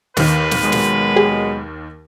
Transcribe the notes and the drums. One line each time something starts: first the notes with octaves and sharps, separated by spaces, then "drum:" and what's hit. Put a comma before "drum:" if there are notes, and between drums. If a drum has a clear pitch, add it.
D#2 D#3 B4, drum: snare
drum: snare
B2 F#3 G#3
drum: snare
G4 G#4